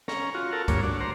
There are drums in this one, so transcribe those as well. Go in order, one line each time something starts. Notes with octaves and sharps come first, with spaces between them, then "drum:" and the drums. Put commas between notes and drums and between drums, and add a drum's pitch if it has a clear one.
C#4 A#5, drum: snare
F4 F#4
A4 A#4
D2 G2 A#3 C#5, drum: kick, hi-hat
D4 F#4
C5 A#5